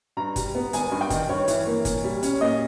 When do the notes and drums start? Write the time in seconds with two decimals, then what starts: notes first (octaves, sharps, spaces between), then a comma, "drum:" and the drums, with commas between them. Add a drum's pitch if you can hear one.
0.17 G2 A#5
0.36 G3, drum: kick, hi-hat
0.55 B3
0.73 G#1 G#5, drum: hi-hat
0.91 G2
1.01 G5
1.10 D#3, drum: kick, hi-hat
1.29 G2 C#5
1.48 E3, drum: hi-hat
1.67 A#3
1.85 A#2, drum: kick, hi-hat
2.04 G3
2.23 C#4, drum: hi-hat
2.41 A#2 D#5